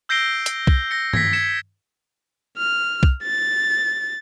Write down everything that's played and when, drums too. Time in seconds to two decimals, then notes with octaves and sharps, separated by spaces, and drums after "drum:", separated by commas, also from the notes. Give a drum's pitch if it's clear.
0.09 E6 G6 A#6 C7 D7 G7
0.46 drum: hi-hat
0.67 drum: kick
0.91 A#6 C#7
1.13 G#6 A#6 B6, drum: tom
1.33 G#6 B6 C#7 E7
2.58 F6
3.03 drum: kick
3.24 A6